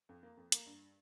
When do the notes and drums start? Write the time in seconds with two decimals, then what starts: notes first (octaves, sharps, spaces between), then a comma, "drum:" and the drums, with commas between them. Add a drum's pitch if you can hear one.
0.09 F2
0.23 A#3
0.37 F2
0.52 A#3, drum: hi-hat
0.66 G2